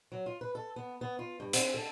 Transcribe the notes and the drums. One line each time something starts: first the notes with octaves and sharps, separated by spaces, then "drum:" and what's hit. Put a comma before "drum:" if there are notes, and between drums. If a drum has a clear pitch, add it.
F#3
F4
B4
A4
B3
B3
F4
G2
C4, drum: hi-hat
A4